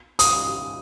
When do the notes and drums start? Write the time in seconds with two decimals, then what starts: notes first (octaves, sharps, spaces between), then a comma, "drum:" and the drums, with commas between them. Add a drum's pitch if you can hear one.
0.19 D#6, drum: hi-hat